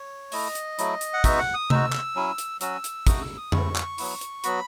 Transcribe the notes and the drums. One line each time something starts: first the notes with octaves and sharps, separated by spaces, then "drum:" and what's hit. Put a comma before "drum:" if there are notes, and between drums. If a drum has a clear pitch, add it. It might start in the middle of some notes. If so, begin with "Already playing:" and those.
Already playing: C#5
A3 E4 D#5, drum: open hi-hat
drum: hi-hat
F#3 A3 E4, drum: hi-hat
drum: hi-hat
F#5
G#3 B3 D#4 F#4 E5, drum: kick, hi-hat
F#5
D#6
G#3 D#4 F#4 E6, drum: tom C3
drum: clap
F#3 C#4 E4
drum: hi-hat
F#3 C#4 F#4 E6, drum: hi-hat
drum: hi-hat
A3 D#4 F#4 D#6, drum: kick, hi-hat
E6
D#6
A3 E4 C#6, drum: tom F2
drum: clap
F#3 B3 E4, drum: open hi-hat
drum: hi-hat
F#3 B3 F#4 B5, drum: hi-hat